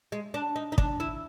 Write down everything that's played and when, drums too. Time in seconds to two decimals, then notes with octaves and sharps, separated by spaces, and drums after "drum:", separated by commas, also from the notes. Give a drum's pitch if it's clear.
0.12 G#3
0.34 D4
0.56 D#4
0.72 D#4
0.78 D4, drum: kick
1.00 E4